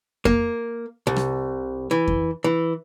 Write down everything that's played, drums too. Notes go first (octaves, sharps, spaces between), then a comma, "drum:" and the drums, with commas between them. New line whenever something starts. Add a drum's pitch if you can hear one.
A#3, drum: kick F2
C2
drum: rim click
E3
drum: kick F2
E3